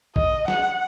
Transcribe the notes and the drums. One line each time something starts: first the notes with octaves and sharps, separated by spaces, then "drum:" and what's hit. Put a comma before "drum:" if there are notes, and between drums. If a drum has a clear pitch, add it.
D#5, drum: kick
F#5, drum: snare